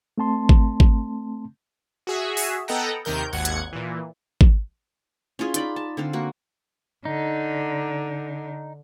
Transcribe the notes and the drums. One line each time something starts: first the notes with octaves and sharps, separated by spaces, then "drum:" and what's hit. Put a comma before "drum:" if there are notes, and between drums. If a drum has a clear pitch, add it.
A3 C4 A5 C6
drum: kick G#1
drum: kick G#1
F#4 G#4 E5
drum: open hi-hat
B3 A4 D#5 F#5 G5 A#5
D#2 C3 D#3 A#4 G6
G#1 D#2 F#5 G#6 C#7
drum: hi-hat
A#2 E3
drum: kick G#1
C#4 E4 F4 G#4
D#4 D5 B5, drum: hi-hat
A5
D3 C4 F5
A#3 F#4
D3 D#4